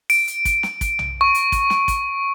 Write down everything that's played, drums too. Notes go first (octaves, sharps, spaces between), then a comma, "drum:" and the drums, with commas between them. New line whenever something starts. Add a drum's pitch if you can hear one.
D7, drum: open hi-hat
drum: hi-hat
drum: kick, hi-hat
drum: snare
drum: kick, hi-hat
drum: tom B1
C#6
drum: hi-hat
drum: kick, hi-hat
drum: snare
drum: kick, hi-hat